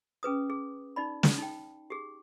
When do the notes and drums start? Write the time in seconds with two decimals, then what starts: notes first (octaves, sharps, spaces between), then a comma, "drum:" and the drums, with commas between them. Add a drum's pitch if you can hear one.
0.23 C#4 G#4 B4 D#6
0.50 G#4
0.96 D#4 D5 B5
1.23 drum: snare
1.38 D#4 G5
1.90 G4 G#4